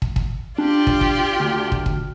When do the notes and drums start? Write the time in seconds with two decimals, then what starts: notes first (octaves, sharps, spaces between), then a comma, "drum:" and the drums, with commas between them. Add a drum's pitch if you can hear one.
0.02 drum: kick
0.16 drum: kick
0.58 D4 F4 G4 D5
0.87 drum: kick
1.01 drum: kick
1.40 D2 F6
1.72 drum: kick
1.86 drum: kick